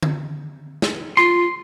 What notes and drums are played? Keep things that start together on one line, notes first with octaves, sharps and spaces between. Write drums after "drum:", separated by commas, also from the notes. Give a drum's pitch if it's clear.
drum: tom D3
drum: snare
F4 C6